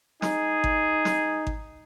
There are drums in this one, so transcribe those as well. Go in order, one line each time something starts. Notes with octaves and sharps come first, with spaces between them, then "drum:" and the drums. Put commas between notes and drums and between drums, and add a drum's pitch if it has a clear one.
D#4 G#4, drum: snare
drum: kick G#1
drum: snare
drum: kick G#1